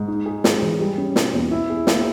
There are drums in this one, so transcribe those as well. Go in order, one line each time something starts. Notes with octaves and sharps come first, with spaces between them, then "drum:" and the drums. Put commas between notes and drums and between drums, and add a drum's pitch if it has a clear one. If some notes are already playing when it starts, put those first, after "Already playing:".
Already playing: G#2
D#4
G#4
G#3, drum: snare
E3
G3
C#4
B2, drum: snare
E2
E4
G#4
A#3, drum: snare